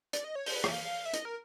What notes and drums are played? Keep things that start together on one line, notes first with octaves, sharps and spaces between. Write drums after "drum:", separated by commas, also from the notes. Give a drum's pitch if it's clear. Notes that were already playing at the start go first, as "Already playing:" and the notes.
D5, drum: hi-hat
D#5
C#5
C5, drum: open hi-hat
B4
E5, drum: rim click
F5
E5
D#5, drum: hi-hat
A#4